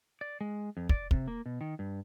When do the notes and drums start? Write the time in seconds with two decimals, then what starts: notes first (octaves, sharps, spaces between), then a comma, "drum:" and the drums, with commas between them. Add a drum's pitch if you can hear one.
0.21 D5
0.41 G#3
0.77 F2
0.89 D5, drum: kick
1.11 C3, drum: kick
1.28 A#3
1.46 B2
1.61 D#3
1.79 G2